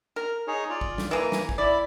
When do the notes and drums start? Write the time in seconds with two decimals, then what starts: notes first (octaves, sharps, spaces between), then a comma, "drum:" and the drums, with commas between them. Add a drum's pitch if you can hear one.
0.16 A#4
0.47 D#4 G#4 C#5
0.70 F4 D5
0.81 drum: kick
0.98 drum: snare
1.11 E3 A#3 G#5 A#5
1.32 drum: snare
1.49 drum: kick
1.58 E4 D5 B5